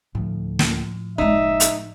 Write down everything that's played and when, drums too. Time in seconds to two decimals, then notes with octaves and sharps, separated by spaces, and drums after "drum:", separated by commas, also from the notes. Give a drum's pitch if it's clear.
0.15 D2 A2 F3
0.59 drum: snare
1.18 F#1 G#3 D#4 E5
1.60 drum: hi-hat